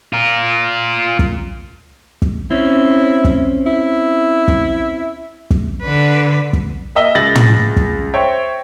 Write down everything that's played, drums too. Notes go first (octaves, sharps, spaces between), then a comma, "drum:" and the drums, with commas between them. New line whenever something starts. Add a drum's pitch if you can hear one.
F4 A#4
drum: kick
drum: kick
C4 C#4 E4
drum: kick
E4
drum: kick
drum: kick
D3 B4
drum: kick
A#3 D#5 E5 G7
C#2 A6 A#6 F#7
drum: tom
drum: kick
C5 C#5 E5 G5